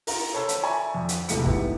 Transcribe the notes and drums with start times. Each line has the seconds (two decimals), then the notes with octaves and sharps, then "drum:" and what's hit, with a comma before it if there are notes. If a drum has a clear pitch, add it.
0.07 A#4 A#5, drum: open hi-hat
0.33 A4 C5 C#5 A5 B5 E6
0.49 drum: hi-hat
0.63 D5 E5 G#5 B5 C#6
0.95 F2
1.09 drum: hi-hat
1.29 E1 E2 C3 G#3 A3 C#7, drum: hi-hat
1.46 G#2 B3 E4 G4, drum: kick